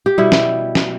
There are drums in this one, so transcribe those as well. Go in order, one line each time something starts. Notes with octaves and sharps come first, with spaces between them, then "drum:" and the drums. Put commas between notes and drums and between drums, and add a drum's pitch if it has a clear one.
G4
B2 G3 E4
drum: snare
drum: snare